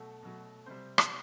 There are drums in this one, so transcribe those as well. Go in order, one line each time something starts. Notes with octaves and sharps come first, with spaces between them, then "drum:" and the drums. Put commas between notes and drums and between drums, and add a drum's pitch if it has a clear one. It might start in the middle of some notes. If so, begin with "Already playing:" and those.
Already playing: B2 F#3 A3 A4
B2 F#3 A3
C3 G3 C5
drum: rim click